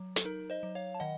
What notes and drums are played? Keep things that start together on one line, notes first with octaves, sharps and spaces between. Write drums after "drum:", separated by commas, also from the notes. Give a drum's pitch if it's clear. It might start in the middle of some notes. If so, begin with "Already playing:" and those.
Already playing: F#3
A4, drum: hi-hat
D#4 A#4
C5 D#5
F#3
C#5 F5
A5
D#3 D#5 F#5